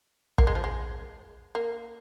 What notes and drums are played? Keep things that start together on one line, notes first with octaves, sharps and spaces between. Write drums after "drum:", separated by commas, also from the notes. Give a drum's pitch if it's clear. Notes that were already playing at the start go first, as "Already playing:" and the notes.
A#3, drum: kick
G#3
F3
G#3
A#3